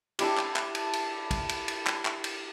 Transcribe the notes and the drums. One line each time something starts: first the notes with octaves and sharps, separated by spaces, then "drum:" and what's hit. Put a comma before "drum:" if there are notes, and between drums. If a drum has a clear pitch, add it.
D4 E4 G4, drum: cymbal
drum: clap
drum: clap
drum: cymbal
drum: cymbal
drum: kick, cymbal
drum: cymbal
drum: cymbal
drum: clap
drum: clap
drum: cymbal